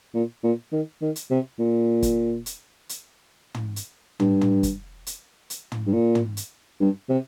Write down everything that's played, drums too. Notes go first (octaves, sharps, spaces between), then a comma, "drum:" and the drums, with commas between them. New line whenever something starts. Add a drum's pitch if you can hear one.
A#2
A#2
D#3
D#3
drum: hi-hat
C3
A#2
drum: kick, hi-hat
drum: hi-hat
drum: hi-hat
drum: tom
drum: hi-hat
G2, drum: tom
drum: tom
drum: kick, hi-hat
drum: hi-hat
drum: hi-hat
drum: tom
G2
A#2
drum: tom
drum: hi-hat
G2
C3